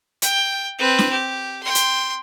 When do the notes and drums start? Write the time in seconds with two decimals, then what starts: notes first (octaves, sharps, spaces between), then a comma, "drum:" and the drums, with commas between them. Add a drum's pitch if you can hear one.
0.22 G5, drum: hi-hat
0.78 C4 B4
0.99 drum: snare
1.11 G4
1.63 G5 C6
1.75 drum: hi-hat